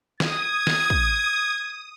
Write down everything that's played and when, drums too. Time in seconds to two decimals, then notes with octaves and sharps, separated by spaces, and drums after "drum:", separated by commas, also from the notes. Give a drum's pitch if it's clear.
0.20 D#6 G#6, drum: snare
0.67 drum: snare
0.90 drum: kick